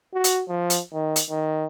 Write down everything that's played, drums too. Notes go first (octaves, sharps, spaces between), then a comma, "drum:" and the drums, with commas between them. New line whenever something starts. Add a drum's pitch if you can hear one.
F#4
drum: hi-hat
F3
drum: hi-hat
D#3
drum: hi-hat
D#3